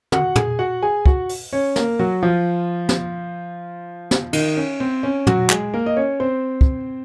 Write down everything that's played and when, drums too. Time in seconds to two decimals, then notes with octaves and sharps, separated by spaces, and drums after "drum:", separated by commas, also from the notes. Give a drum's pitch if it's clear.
0.12 F#4 F#5, drum: tom
0.36 G#4 G#5, drum: tom
0.59 F#4 F#5
0.83 G#4 G#5
1.06 F#4 F#5, drum: kick
1.29 drum: open hi-hat
1.53 C#4 C#5
1.76 A#3 A#4, drum: snare
1.99 F#3 F#4
2.23 F3 F4
2.89 drum: snare
4.11 drum: snare
4.33 D#3 D#4, drum: cymbal
4.57 C#4
4.80 C4
5.03 C#4
5.27 F#3 F#4, drum: tom
5.50 G#3 G#4, drum: clap
5.74 A#3 A#4
5.86 D#5
5.97 C#4 C#5
6.20 C4 C5
6.61 drum: kick